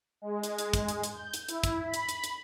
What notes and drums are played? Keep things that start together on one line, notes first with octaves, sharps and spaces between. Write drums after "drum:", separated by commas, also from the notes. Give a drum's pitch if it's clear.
G#3
drum: hi-hat
drum: hi-hat
drum: kick, hi-hat
drum: hi-hat
drum: hi-hat
G6
drum: hi-hat
E4, drum: hi-hat
drum: kick, hi-hat
B5
drum: hi-hat
drum: hi-hat
drum: hi-hat